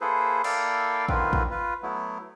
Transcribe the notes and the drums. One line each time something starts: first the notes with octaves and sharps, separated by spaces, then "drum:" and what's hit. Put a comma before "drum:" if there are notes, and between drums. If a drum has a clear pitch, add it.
A#3 E4 G#4 A4 B4 C5
A#3 E4 A4 D5 F5 G5, drum: cymbal
D3 D#3 A#3 C4 F4 B4, drum: kick
drum: kick
F4 B4
F#3 A3 B3 E4